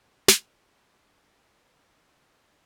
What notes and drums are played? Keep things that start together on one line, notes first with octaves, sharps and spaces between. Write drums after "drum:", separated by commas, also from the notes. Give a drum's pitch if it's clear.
drum: snare
F#5
D4
G#4 A4 F6